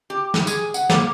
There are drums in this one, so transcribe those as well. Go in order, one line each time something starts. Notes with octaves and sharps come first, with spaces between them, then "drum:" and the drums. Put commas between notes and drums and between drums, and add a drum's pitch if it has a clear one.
G4
drum: snare
G#4, drum: tambourine
F#5, drum: tambourine
A#3, drum: snare